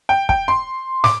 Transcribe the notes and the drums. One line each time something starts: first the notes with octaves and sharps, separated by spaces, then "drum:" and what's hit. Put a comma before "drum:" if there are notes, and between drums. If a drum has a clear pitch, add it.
G5
G5, drum: kick
C6
D6, drum: snare